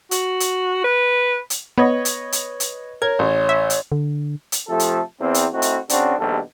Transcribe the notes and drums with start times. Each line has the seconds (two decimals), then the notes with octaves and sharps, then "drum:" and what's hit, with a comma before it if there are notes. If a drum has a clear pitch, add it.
0.11 F#4, drum: hi-hat
0.40 drum: hi-hat
0.84 B4
1.50 drum: hi-hat
1.78 B3 B4 C#5 D#5
2.05 drum: hi-hat
2.32 drum: hi-hat
2.60 drum: hi-hat
3.02 A#4 C#5 G#6
3.19 A1
3.49 E5
3.70 drum: hi-hat
3.92 D3
4.52 drum: hi-hat
4.67 C3 F3 A3 G4 A4
4.80 drum: hi-hat
5.20 E2 C4
5.34 drum: hi-hat
5.53 A3 C4 D#4 E4 F#4
5.62 drum: hi-hat
5.89 C#3 C4 D4 F#4, drum: hi-hat
6.18 A#1 D#2 B2 G3 A4